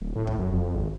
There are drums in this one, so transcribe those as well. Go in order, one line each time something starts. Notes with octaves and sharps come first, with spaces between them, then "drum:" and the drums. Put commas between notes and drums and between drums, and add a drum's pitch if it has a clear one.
D1
A2
drum: kick
F#2
F2
G#1